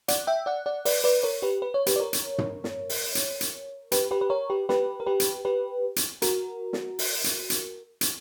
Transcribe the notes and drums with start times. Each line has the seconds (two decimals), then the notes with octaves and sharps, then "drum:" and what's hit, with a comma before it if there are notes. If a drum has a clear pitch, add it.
0.08 D5 F#5, drum: hi-hat
0.27 E5 G5
0.46 D5 F#5
0.66 D5 F#5
0.85 B4 D5, drum: open hi-hat
1.04 B4 D5
1.23 A#4 C#5
1.42 G4 B4
1.62 B4
1.74 C#5
1.86 G4 B4, drum: hi-hat
1.96 D5
2.00 A#4 C#5
2.13 drum: hi-hat
2.38 drum: tom
2.64 drum: snare
2.90 drum: open hi-hat
3.15 drum: hi-hat
3.41 drum: hi-hat
3.92 G4 B4, drum: hi-hat
4.11 G4 B4
4.21 B4
4.30 A#4 C#5
4.50 G4 B4
4.69 G4 B4, drum: snare
5.00 A#4
5.06 G4 B4
5.20 drum: hi-hat
5.45 G4 B4
5.96 drum: hi-hat
6.22 F#4 A#4, drum: hi-hat
6.73 drum: snare
6.99 drum: open hi-hat
7.24 drum: hi-hat
7.50 drum: hi-hat
8.01 drum: hi-hat